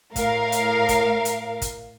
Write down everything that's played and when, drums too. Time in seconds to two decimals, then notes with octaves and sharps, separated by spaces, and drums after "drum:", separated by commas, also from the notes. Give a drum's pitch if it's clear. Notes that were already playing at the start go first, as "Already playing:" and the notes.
0.16 A2 A#4 F5, drum: kick, hi-hat
0.52 drum: hi-hat
0.89 drum: kick, hi-hat
1.25 drum: hi-hat
1.62 drum: kick, hi-hat